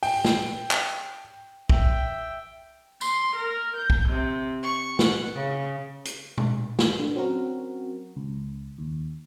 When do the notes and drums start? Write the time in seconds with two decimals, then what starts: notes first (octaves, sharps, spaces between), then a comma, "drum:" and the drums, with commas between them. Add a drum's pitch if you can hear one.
0.03 G5, drum: open hi-hat
0.25 drum: snare
0.71 drum: clap
1.69 E5 G5, drum: kick B1
3.01 C6, drum: tambourine
3.36 A#4
3.77 G6
3.90 drum: kick B1
4.08 C3
4.63 C#6
4.99 F#5, drum: snare
5.35 C#3
6.05 drum: hi-hat
6.38 drum: tom B2
6.79 drum: snare
6.99 D3
7.16 F#3 C4 C#4 F#4 A#4
8.16 C#2
8.78 D#2